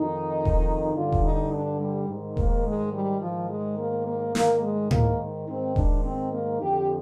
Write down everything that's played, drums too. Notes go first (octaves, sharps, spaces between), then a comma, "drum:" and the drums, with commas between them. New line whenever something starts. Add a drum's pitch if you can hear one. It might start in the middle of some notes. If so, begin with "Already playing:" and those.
Already playing: F2 D#3 D#4
drum: kick E1
G2 D3 F4
drum: kick E1
D#4
D4
G3
G#2 D#3
A#3, drum: kick E1
G#3
G3
G#2 D#3 F3
G#3
A#3
A#3
G#2 D#3 A#3, drum: snare
G#3
A#3, drum: tom A2
G#2 D#3 C4
D4, drum: kick E1
C4
A#3
F2 D3 G4